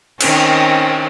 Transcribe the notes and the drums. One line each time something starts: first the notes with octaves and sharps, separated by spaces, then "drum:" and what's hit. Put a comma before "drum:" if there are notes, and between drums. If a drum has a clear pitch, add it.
D#3 C4 C#4, drum: cymbal